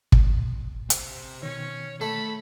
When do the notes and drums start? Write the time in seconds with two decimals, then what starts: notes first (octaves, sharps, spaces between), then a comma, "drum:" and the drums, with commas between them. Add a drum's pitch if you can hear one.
0.12 drum: kick
0.90 C3 C4, drum: hi-hat
1.43 B2 D#3 C#4 C#5
2.01 A3 A4 B5